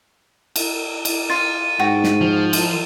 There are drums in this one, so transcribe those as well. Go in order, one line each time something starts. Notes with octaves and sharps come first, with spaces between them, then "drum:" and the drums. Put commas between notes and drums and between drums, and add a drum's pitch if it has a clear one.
drum: cymbal
drum: cymbal
F4 A6 D#7
G#2 F#4 G5
drum: snare
F3
drum: cymbal